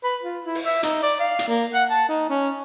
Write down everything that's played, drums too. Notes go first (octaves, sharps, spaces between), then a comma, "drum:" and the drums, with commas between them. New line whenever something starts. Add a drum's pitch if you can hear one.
B4
F4
E4
drum: open hi-hat
E5
D#4, drum: hi-hat
D5
F5
drum: hi-hat
A#3
F#5
A5
D#4
C#4